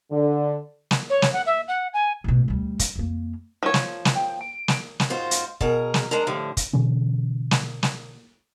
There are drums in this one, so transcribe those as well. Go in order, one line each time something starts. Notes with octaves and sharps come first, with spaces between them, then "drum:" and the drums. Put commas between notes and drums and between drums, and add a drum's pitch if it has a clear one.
D3
drum: snare
C#5
drum: snare
F#5
E5
F#5
G#5
A1 B2
D2 G3
drum: kick, hi-hat
F2 A#3
F3 C#5
drum: snare
drum: snare
G5
D7
drum: snare
drum: snare
G#2 F4 F#4 C5
drum: hi-hat
B2 G#4 A#4, drum: kick
drum: snare
G#3 D4 A#4 A#5
A2 D3 F3 G3
drum: kick, hi-hat
B2 D3 E3 C#4
drum: snare
drum: snare